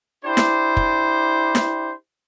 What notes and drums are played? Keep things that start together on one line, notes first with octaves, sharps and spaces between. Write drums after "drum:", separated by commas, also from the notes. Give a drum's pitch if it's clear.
D4 E4 G4 C5
drum: snare E4
drum: kick
drum: snare E4